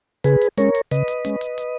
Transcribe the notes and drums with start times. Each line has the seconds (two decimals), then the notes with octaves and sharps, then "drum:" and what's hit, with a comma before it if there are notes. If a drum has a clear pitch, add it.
0.24 C#3 G#4 B4, drum: hi-hat
0.41 drum: hi-hat
0.58 G#3 C#4 A#4 C#5, drum: hi-hat
0.75 drum: hi-hat
0.91 C#3 B4 D#5, drum: hi-hat
1.08 drum: hi-hat
1.25 G#3 C#4, drum: hi-hat
1.41 drum: hi-hat
1.58 drum: hi-hat